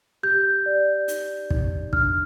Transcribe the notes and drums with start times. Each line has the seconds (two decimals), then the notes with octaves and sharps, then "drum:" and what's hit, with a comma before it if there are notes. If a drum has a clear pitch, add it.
0.23 G4 G6
0.66 D5
1.08 D#4, drum: hi-hat
1.51 D#4, drum: kick
1.93 D4 F6, drum: kick